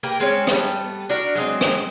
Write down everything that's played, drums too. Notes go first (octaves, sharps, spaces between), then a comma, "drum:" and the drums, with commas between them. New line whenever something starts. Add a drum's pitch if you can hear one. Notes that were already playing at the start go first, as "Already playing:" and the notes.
A#3 G4 A#4 B4
G#3 C4 C#4
G3 A3 B3, drum: rim click
D4 F#4 A#4
F#3 G#3 C4
drum: rim click